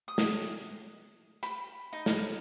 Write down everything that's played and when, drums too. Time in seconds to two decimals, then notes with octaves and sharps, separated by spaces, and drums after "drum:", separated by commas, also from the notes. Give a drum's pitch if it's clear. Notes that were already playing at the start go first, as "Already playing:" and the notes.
0.08 D#6
0.18 drum: snare
1.43 B5, drum: hi-hat
1.93 D#4
2.06 drum: snare